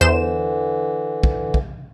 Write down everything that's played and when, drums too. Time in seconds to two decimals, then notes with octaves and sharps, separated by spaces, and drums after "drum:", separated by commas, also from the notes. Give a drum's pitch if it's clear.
0.01 E2 D3 E3 C5 E7
1.23 drum: kick
1.54 drum: kick